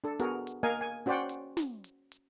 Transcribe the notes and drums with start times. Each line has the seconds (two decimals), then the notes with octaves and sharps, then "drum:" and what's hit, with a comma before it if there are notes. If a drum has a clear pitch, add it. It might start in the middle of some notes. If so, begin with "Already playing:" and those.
0.04 D4 A4
0.20 B3 F#4 G#4 A#4, drum: hi-hat
0.47 drum: hi-hat
0.63 A#3 A#4 D#5 F5 G#5
0.81 G#5
1.06 C#4 F#4 C5 D5 F#5 G5
1.29 drum: hi-hat
1.57 drum: snare
1.84 drum: hi-hat
2.12 drum: hi-hat